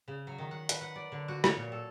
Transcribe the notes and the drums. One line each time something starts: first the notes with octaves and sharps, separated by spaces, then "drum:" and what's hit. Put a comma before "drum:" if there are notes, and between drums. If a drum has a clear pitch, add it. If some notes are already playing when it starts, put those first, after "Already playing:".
C#3
F#3
D#3
F#5
B4, drum: hi-hat
F#5
D5
D3
F#4
C#5, drum: rim click
A#2
A4